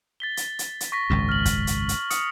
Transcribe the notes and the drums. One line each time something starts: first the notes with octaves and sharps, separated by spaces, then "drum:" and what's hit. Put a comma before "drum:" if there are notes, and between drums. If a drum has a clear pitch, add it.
A6 B6 G7
drum: hi-hat
drum: hi-hat
drum: hi-hat
C#6 A#6 B6
G#1 C#2 F#2
F6 F#7
drum: kick, hi-hat
drum: hi-hat
drum: hi-hat
D#6 C#7, drum: hi-hat